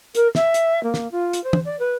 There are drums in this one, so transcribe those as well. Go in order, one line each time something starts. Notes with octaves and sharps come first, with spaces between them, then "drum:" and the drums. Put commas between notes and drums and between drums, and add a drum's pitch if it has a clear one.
A#4, drum: hi-hat
E5, drum: snare
drum: hi-hat
A#3
drum: snare
F4
drum: hi-hat
C5
drum: tom
D5
B4